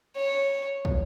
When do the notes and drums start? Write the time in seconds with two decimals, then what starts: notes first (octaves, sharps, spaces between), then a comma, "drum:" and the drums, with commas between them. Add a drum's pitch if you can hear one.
0.17 C#5
0.85 drum: kick